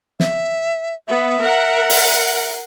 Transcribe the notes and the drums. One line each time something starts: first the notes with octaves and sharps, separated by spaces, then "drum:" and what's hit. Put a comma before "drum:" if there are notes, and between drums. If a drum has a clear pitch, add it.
E5, drum: snare
B3 E5
A#4 F#5
drum: open hi-hat